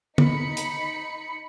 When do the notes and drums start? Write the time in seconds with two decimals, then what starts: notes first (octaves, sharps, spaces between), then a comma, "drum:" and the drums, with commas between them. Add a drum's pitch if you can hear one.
0.18 D#4 B5 C#7, drum: tom
0.57 drum: hi-hat